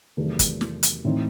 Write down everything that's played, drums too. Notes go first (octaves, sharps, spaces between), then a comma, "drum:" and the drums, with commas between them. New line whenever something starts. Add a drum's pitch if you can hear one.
E2 C3 D#3 F#3 A3
drum: kick, hi-hat
drum: snare
drum: hi-hat
A2 E3 C4 D#4